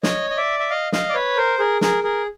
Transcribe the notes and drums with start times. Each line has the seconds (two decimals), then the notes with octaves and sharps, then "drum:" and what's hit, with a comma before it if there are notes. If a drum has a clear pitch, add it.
0.03 C#5 D#5, drum: snare
0.30 D#5
0.37 D5 E5
0.59 E5
0.70 D#5 F5
0.92 D#5 F5, drum: snare
1.09 D5
1.14 B4 C#5
1.37 A#4 C5
1.59 G#4 A#4
1.81 G#4 A#4, drum: snare
2.04 G#4 A#4